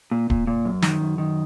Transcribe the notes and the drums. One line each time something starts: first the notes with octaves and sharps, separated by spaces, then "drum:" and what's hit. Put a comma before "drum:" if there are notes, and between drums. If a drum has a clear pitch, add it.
A#2
A#2, drum: kick D1
A#2
F#2
D#3, drum: snare
F#2
D#3